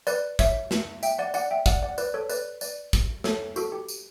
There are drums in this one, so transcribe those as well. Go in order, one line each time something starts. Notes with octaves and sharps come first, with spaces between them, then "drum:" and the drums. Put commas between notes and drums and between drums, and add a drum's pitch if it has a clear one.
B4 D5, drum: tambourine
C#5 E5, drum: kick, tambourine
drum: snare
E5 G5, drum: tambourine
D5 F#5
D5 F#5, drum: tambourine
E5 G5
D5 F#5, drum: kick, tambourine
D5 F#5
B4 D5, drum: tambourine
A4 C#5
B4 D5, drum: tambourine
B4 D5, drum: tambourine
drum: kick, tambourine
A4 C#5, drum: snare
F#4 A4, drum: tambourine
G4
drum: tambourine